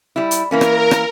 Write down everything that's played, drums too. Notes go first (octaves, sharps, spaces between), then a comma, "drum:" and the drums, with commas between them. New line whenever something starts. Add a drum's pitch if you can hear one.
G3 E4
drum: hi-hat
E3 A#3 C#4 A#4
drum: rim click
drum: rim click